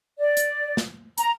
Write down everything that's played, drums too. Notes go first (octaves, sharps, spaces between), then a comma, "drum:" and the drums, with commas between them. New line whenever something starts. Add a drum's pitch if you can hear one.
D5
drum: hi-hat
drum: snare
A#5, drum: hi-hat